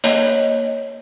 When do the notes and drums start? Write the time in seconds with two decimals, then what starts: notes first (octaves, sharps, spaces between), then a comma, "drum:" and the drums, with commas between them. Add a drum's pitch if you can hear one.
0.04 A#3 C#5 D#5 G6, drum: hi-hat